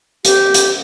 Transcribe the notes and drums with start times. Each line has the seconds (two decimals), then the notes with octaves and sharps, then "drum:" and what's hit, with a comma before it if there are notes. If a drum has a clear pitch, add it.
0.25 G4, drum: hi-hat
0.54 drum: hi-hat